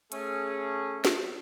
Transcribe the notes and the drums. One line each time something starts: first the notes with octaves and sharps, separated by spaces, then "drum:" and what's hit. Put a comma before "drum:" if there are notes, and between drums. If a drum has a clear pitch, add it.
A3 C#4 G#4, drum: hi-hat
drum: snare